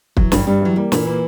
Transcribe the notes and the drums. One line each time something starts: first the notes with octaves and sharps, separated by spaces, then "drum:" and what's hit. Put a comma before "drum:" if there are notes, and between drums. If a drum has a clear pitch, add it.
E3 F#3, drum: kick
G2, drum: snare
G2 G3
E3 F#3
G3 A#3
A#2 E3, drum: snare
A#3